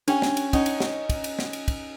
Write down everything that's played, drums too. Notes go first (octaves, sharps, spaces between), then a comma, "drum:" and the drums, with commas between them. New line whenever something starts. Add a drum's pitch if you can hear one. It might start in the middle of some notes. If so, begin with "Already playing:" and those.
C#4 D4 G4 G5, drum: cymbal
drum: snare
drum: cymbal
C#4 D#4 C#5, drum: kick, cymbal
drum: cymbal
drum: snare
drum: kick, cymbal
drum: cymbal
drum: snare
drum: cymbal
drum: kick, cymbal